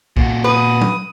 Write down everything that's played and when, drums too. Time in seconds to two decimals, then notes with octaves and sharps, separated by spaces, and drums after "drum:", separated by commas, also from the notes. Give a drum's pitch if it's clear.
0.17 A#2 F#4, drum: kick B1
0.44 B4 D#6
0.81 drum: tom